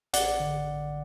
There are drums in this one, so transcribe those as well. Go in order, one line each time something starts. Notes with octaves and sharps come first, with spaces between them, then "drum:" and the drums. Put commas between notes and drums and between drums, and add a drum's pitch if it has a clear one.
A1 D5 F#5, drum: hi-hat
D3